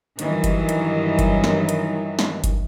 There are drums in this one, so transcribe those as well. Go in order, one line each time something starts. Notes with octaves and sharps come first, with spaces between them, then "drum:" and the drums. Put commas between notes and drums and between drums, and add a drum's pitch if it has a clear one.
G2 D#3 E3 F#3, drum: hi-hat
drum: kick G1, hi-hat
drum: hi-hat
drum: kick G1, hi-hat
drum: snare
drum: hi-hat
drum: snare
drum: kick G1, hi-hat